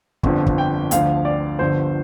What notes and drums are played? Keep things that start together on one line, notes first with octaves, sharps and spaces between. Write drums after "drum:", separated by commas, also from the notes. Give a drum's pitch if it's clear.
G1 F2 D3 F3, drum: kick
drum: kick
G5
D2 D3 F3 F5, drum: hi-hat
D5
G1 G2 D3 F3 C5